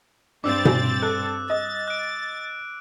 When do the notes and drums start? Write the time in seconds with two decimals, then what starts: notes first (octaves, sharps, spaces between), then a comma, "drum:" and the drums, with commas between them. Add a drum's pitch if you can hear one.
0.44 G2 C4 D4 D6 E6 A6
0.65 drum: tom B2
1.02 A4 F#6
1.50 D#5 A6
1.88 F#6 D7